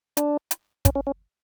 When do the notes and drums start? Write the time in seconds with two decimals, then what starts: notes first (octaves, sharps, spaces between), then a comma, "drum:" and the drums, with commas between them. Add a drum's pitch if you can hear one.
0.17 D4, drum: hi-hat
0.51 drum: hi-hat
0.85 C#4, drum: kick, hi-hat
0.95 C#4
1.07 C#4